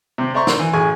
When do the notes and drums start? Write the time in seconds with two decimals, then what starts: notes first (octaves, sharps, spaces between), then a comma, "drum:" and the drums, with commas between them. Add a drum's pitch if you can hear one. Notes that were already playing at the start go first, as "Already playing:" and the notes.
0.18 C3 C4
0.34 C5 D5 E5 A#5 C6 C#6
0.47 C6 E6, drum: snare
0.60 E3
0.73 A1 G#4 G#5 C#6